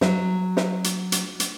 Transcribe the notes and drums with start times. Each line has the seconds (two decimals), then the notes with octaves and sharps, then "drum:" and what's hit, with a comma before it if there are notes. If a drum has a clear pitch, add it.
0.01 F#3, drum: snare
0.57 drum: snare
0.84 drum: hi-hat
1.12 drum: hi-hat
1.40 drum: hi-hat